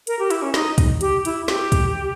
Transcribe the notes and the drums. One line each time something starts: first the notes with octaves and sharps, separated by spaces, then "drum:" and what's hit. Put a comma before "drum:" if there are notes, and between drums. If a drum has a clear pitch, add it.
A#4, drum: hi-hat
G4
E4, drum: hi-hat
C#4
D#4, drum: snare
drum: kick, hi-hat
G4, drum: hi-hat
E4, drum: hi-hat
G4, drum: snare
drum: kick, hi-hat